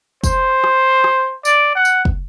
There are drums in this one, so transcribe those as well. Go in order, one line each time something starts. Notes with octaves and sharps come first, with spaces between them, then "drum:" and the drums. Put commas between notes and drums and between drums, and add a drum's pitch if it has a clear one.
C5, drum: kick, tambourine
drum: rim click
drum: rim click
D5, drum: tambourine
F#5
drum: tambourine
drum: kick